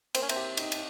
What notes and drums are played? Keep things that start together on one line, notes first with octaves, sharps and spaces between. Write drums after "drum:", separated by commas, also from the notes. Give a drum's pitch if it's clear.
A#3 C4, drum: cymbal
C#4
C3 C4, drum: cymbal
G4
D#4, drum: cymbal
drum: cymbal